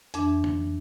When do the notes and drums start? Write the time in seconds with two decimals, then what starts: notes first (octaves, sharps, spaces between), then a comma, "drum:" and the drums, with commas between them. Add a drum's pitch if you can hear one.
0.14 F2 E3 D4, drum: hi-hat
0.44 drum: tom E2